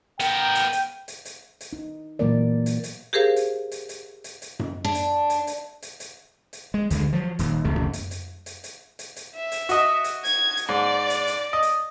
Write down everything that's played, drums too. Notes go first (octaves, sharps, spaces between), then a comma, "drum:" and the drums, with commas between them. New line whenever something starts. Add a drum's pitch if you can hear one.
B3 A#4 G5, drum: hi-hat
drum: hi-hat
drum: hi-hat
drum: hi-hat
drum: hi-hat
drum: hi-hat
D#4
A#2 E3 F#3 A#3 A#4 D5
drum: hi-hat
drum: hi-hat
G4 G#4 A#4 C5 F5
drum: hi-hat
drum: hi-hat
drum: hi-hat
drum: hi-hat
drum: hi-hat
drum: tom F#2
D4
drum: hi-hat
drum: hi-hat
drum: hi-hat
drum: hi-hat
drum: hi-hat
drum: hi-hat
G#3
D2 D3 E3 G#3, drum: hi-hat
F3 F#3
D#1 D#2, drum: hi-hat
E1 C#2 C3 A3
drum: tom F#2
drum: hi-hat
drum: hi-hat
drum: hi-hat
drum: hi-hat
drum: hi-hat
drum: hi-hat
E5
drum: hi-hat
F#4 D#5, drum: hi-hat
drum: hi-hat
G#6, drum: hi-hat
drum: hi-hat
G#2 D5
drum: hi-hat
drum: hi-hat
D#5
drum: hi-hat